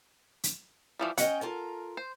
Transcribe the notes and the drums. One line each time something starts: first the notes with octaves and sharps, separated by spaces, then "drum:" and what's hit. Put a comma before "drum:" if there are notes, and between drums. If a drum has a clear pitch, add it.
drum: hi-hat
E3 F3 G3
C#4 D#5 F#5 G5, drum: hi-hat
F4 A4 A#4
C5